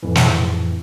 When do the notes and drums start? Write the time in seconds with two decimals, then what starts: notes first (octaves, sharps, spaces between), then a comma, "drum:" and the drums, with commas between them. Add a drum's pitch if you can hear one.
0.03 F2 A2 E3
0.15 drum: snare